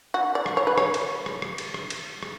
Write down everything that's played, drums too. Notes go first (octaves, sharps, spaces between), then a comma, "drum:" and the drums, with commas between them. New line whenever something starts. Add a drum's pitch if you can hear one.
F#4
D5
drum: rim click
C#5
B4
C#5, drum: rim click
drum: cymbal
drum: rim click
drum: rim click
drum: cymbal
drum: rim click
drum: cymbal
drum: rim click